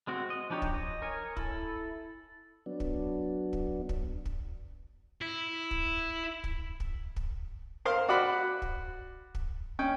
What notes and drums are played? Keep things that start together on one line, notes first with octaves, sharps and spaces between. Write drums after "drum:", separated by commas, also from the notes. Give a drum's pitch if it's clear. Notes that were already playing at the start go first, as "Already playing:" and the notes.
G#3 C4 F#4
D#5
F3 D4 D#4 G4 C#5
drum: kick
D#5
A#4 C#5 G#5
E4 A4, drum: kick
F#3 B3 D4
drum: kick
drum: kick
drum: kick
drum: kick
E4
drum: kick
drum: kick
drum: kick
drum: kick
A#4 C5 F5 C6
F#4 D5 F#5 B5
drum: kick
drum: kick
C#4 G5